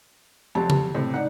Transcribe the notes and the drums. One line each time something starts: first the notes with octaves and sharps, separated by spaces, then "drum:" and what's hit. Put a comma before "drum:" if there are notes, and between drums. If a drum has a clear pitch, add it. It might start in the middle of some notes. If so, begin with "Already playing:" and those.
F2 C3 F#3 A5
drum: tom C#3
A2 C3 C4
D#4 D5 F#5